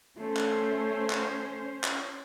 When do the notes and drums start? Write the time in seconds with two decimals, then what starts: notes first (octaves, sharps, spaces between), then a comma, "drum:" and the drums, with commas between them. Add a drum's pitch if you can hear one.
0.18 A3 C#4 C5
0.37 drum: clap
1.10 drum: clap
1.84 drum: clap